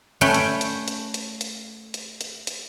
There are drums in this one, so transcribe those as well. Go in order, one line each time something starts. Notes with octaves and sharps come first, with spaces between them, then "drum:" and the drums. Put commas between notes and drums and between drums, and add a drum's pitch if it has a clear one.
A3 C#4 B4 G5
drum: hi-hat
drum: hi-hat
drum: hi-hat
drum: hi-hat
drum: hi-hat
drum: hi-hat
drum: hi-hat
drum: hi-hat